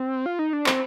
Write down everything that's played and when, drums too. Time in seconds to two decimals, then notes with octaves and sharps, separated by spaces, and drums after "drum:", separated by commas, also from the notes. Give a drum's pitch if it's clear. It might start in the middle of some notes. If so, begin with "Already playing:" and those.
Already playing: C4
0.26 F4
0.39 D#4
0.53 D4
0.66 C4, drum: clap